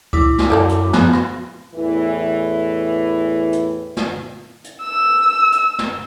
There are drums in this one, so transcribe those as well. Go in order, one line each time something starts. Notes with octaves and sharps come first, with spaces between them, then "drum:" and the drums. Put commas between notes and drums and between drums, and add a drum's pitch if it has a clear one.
E4 D6, drum: kick C#2
drum: snare
F#2 A#3 A4 D5
drum: hi-hat
F3 B3 G#4, drum: snare
drum: rim click
E2 A2 E3
drum: hi-hat
drum: snare
drum: hi-hat
E6
drum: hi-hat
drum: snare